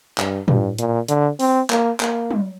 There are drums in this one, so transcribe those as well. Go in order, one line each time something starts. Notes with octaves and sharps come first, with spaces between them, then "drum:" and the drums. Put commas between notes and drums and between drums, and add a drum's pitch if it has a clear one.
G2, drum: clap
G2, drum: tom
A#2, drum: hi-hat
D3, drum: hi-hat
C4, drum: open hi-hat
A#3, drum: clap
A#3, drum: clap
drum: tom